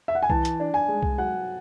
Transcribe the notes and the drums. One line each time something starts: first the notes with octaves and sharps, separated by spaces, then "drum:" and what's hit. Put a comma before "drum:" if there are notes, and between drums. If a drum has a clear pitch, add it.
E5
F#5
G#5
E3 A5, drum: kick C2
drum: hi-hat
D4
G#5
G#3
drum: kick C2
F#3 F#5